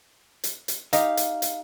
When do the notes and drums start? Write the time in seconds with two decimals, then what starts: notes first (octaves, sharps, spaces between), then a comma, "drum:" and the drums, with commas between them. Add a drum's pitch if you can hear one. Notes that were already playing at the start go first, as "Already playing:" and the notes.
0.44 drum: hi-hat
0.68 drum: hi-hat
0.93 D#4 G4 F5, drum: hi-hat
1.17 drum: hi-hat
1.42 drum: hi-hat